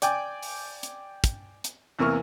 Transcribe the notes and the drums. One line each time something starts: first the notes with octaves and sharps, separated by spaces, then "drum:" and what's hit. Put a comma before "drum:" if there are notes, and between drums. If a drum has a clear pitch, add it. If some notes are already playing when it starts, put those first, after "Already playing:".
D5 G5 G#5 D6, drum: hi-hat
drum: open hi-hat
drum: hi-hat
drum: kick, hi-hat
drum: hi-hat
E2 C3 E3 A#3 C#6 F6